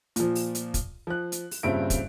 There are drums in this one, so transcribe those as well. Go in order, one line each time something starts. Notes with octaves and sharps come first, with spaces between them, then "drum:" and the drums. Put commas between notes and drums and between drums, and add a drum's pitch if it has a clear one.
A#2 F3, drum: hi-hat
drum: open hi-hat
drum: hi-hat
drum: kick, hi-hat
F3 F#6
drum: hi-hat
drum: open hi-hat
G2 A#2 C#3 C4 E5 D7
drum: kick, hi-hat